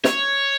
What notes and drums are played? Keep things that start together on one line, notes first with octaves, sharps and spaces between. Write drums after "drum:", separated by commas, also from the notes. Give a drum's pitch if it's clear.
C#5, drum: snare